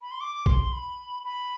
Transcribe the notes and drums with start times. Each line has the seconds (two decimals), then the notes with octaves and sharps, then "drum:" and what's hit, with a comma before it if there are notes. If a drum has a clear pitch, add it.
0.02 B5
0.11 C6
0.21 D6
0.46 C6, drum: kick B1
0.72 B5
1.25 B5